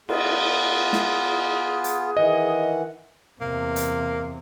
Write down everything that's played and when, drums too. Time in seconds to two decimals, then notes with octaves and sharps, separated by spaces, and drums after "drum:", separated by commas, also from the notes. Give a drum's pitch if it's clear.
0.09 B3 F4 G#4, drum: cymbal
0.93 drum: snare
1.84 drum: hi-hat
2.17 D#3 E3 D#5 F#5
3.41 E2 C3 A#3
3.76 drum: hi-hat